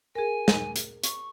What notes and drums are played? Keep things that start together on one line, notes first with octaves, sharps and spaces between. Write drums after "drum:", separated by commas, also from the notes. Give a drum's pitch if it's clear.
G#4 A#4 G#5
drum: snare
drum: hi-hat
C#6, drum: hi-hat